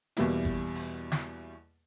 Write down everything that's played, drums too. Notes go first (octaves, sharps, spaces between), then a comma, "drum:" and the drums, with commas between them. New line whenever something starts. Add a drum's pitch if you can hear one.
E2 B2 E3 G3 A#3 E4, drum: hi-hat
drum: kick G1
drum: open hi-hat
drum: snare